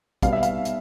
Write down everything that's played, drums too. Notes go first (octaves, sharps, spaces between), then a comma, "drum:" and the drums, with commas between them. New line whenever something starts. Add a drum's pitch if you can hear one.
B2 G3 B3 F5, drum: kick, hi-hat
E5
F5, drum: hi-hat
drum: hi-hat